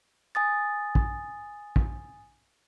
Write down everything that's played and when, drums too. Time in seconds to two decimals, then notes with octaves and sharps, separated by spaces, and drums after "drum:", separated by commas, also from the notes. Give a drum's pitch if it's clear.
0.35 G#5 D#6 A6
0.95 drum: kick
1.76 drum: kick